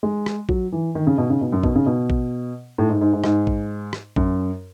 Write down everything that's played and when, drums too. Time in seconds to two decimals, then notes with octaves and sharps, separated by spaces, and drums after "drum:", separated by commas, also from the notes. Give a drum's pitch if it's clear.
0.03 G#3
0.26 drum: rim click
0.49 F#3, drum: kick A1
0.72 E3
0.95 D#3
1.07 C#3
1.18 B2
1.30 C#3
1.41 B2
1.52 F#2
1.63 B2, drum: kick A1
1.75 C#3
1.86 B2
2.10 drum: kick A1
2.78 A2
2.89 G#2
3.01 G#2
3.13 G#2
3.24 G#2, drum: rim click
3.47 drum: kick A1
3.93 drum: rim click
4.16 F#2, drum: kick A1